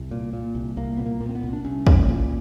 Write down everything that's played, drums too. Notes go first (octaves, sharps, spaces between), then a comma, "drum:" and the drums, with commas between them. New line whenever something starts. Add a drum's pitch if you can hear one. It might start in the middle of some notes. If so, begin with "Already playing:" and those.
Already playing: C2
A#2
A#2
C2
C2 A#3
A#2 B3
A#3
A#2
C4
B3
C2
D4
C2 C#4
A#2, drum: kick
A#2